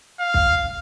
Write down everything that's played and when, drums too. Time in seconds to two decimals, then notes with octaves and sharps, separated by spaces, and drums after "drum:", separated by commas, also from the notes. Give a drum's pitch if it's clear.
0.20 F5
0.34 drum: kick